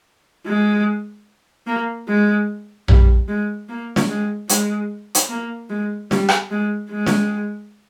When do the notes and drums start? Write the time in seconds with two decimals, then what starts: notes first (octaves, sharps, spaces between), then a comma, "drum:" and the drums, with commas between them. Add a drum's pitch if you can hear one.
0.46 G#3
1.67 A#3
2.08 G#3
2.88 G3, drum: tom A#1
3.29 G#3
3.69 A#3
3.96 drum: snare
4.09 G#3
4.49 G#3, drum: hi-hat
5.15 drum: hi-hat
5.29 A#3
5.70 G#3
6.11 G3, drum: snare
6.29 drum: rim click
6.51 G#3
6.90 G#3
7.06 drum: snare